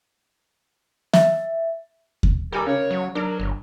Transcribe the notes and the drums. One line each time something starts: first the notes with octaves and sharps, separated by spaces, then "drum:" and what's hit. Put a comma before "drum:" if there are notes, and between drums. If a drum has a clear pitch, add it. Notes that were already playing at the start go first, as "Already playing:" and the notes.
E5, drum: snare
drum: kick D#2
G3 A4 A#4 G#5 D6
C#3 C#5
F#3
F#3 D4 A#4
G1